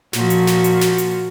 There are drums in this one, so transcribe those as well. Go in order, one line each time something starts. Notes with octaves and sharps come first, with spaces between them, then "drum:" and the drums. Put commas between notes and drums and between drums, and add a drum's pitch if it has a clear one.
A#2 F3 F#4, drum: snare
drum: hi-hat
drum: snare
drum: hi-hat
drum: snare
drum: hi-hat